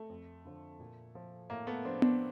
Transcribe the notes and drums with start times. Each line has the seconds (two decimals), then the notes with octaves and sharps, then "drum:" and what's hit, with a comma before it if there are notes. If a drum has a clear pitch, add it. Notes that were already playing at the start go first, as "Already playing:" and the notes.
Already playing: A3
0.09 F2
0.45 D3 F3
0.80 A#2
1.15 F3
1.50 A2 A#3
1.67 A3 B3
1.85 F3 C4 D4
2.02 C4 D4, drum: tom B3